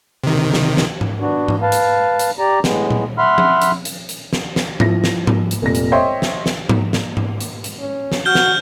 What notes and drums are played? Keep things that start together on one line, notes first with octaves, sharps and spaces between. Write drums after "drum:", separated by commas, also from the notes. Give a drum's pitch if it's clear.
C3 D#3
drum: snare
drum: snare
drum: tom G#2
B3 D4 F#4
drum: tom G#2
B4 F5 A5
drum: hi-hat
drum: hi-hat
G4 D5 A#5
A2 G#3 B3, drum: snare
drum: tom A#2
E5 F#5 B5 C6 F6
drum: tom F3
drum: hi-hat
drum: hi-hat
drum: hi-hat
drum: snare
drum: snare
F3 E4 A#6, drum: tom G#2
drum: snare
drum: tom G#2
drum: hi-hat
F1 A#2 A#6
drum: hi-hat
C5 C#5 D#5 E5 G5 C6
drum: snare
drum: snare
drum: tom G#2
drum: snare
drum: tom G#2
drum: hi-hat
drum: hi-hat
C#4
drum: snare
F#4 F6 G6 G7
drum: snare